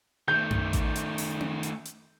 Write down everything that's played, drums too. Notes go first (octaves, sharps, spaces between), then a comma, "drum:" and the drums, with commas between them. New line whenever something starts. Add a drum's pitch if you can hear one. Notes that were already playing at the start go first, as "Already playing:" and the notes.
D#3 A3 G6
drum: tom F#2
drum: kick A1, hi-hat
drum: hi-hat
drum: open hi-hat
drum: tom C4
drum: hi-hat
drum: hi-hat